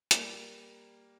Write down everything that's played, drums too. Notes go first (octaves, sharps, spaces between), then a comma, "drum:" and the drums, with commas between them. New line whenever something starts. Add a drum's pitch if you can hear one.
G3 A#3, drum: hi-hat